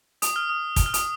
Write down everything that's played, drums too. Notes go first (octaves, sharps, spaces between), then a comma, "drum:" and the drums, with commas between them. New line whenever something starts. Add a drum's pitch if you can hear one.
D#6, drum: hi-hat
F6
D#6
drum: kick, hi-hat
F6
D#6, drum: hi-hat